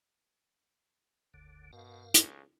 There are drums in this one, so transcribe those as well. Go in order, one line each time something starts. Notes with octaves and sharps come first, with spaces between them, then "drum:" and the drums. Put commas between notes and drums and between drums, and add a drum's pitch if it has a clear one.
F#1 D2 D3
G2 B2 A#4 F5
C#2, drum: hi-hat